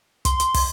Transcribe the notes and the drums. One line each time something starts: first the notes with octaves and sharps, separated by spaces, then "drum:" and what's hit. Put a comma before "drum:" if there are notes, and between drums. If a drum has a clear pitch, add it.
C6, drum: kick, hi-hat
drum: hi-hat
drum: kick, open hi-hat